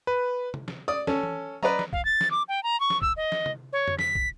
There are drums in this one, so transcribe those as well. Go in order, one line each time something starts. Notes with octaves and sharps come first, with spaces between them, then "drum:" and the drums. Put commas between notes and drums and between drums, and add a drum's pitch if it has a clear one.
B4
drum: tom C3
drum: snare
D5 D#6
C#4 A4, drum: snare
drum: tom E3
B4 D5 D#5 A#5, drum: tom F#3
drum: snare
F5, drum: kick
A6
drum: snare
D6
G5
A#5
C#6
drum: snare
E6, drum: kick
D#5
drum: snare
drum: tom C3
C#5
drum: tom F2
B6, drum: snare
drum: kick